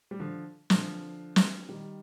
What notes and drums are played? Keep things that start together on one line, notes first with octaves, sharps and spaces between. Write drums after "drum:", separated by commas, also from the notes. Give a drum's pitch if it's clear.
G3
D3 F3
D3 F3, drum: snare
drum: snare
D#3 G3